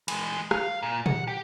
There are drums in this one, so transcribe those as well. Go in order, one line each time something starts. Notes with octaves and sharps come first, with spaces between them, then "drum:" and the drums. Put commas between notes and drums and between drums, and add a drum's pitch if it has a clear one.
E3 G#3, drum: cymbal
F5, drum: rim click
A#2
F#5, drum: tom A#2
G4